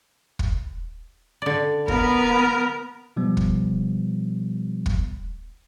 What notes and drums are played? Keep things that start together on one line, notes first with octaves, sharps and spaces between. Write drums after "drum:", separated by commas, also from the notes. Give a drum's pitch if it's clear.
drum: kick
D3 D5
B3 A#4 B4, drum: kick
B2 F3 G3 B3
drum: kick
drum: kick